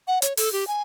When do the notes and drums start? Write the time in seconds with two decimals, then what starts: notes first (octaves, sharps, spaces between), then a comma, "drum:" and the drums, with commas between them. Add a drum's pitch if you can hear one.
0.08 F#5
0.22 C#5, drum: hi-hat
0.37 A4, drum: open hi-hat
0.53 G4
0.67 G#5